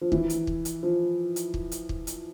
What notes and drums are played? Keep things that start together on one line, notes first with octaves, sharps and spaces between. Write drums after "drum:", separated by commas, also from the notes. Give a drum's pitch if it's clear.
F3
E3, drum: kick
drum: hi-hat
drum: kick
drum: hi-hat
F3
drum: hi-hat
drum: kick
drum: hi-hat
drum: kick
drum: hi-hat